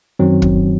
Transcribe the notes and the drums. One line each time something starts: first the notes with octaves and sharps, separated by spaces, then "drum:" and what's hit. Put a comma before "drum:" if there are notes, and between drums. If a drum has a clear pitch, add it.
F#2 D#3 F#3 C4
drum: kick